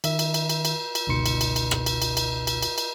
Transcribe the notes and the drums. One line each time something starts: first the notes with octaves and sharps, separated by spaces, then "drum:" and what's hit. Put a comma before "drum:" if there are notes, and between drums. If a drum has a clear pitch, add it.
D#3 E5, drum: cymbal
drum: cymbal
drum: cymbal
drum: cymbal
drum: cymbal
drum: cymbal
G1 C#2 B2 D#4 C6 C#7
drum: cymbal
drum: cymbal
drum: cymbal
drum: rim click
drum: cymbal
drum: cymbal
drum: cymbal
drum: cymbal
drum: cymbal
drum: cymbal